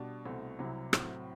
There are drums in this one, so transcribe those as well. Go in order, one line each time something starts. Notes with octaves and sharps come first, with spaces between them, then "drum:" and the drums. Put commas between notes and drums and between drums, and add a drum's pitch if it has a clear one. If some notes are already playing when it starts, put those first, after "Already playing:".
Already playing: B2 G3 D4
C2 B2 A3 C4
C2 C3 F#3 C4 E4
A2 F#3 C4 F#4, drum: rim click